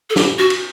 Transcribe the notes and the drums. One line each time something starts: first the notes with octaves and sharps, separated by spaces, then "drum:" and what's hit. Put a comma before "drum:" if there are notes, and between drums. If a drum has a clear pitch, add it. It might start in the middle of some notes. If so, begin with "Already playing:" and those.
A4
G4, drum: snare
F#4
drum: cymbal